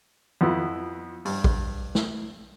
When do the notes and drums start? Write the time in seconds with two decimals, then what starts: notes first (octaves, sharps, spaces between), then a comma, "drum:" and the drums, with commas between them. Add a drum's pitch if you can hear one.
0.41 F2 B3 E4
1.25 G2, drum: open hi-hat
1.44 drum: kick
1.95 drum: snare